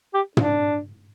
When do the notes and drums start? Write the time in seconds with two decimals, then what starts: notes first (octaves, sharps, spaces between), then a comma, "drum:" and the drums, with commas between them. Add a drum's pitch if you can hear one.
0.14 G4
0.37 D4, drum: tom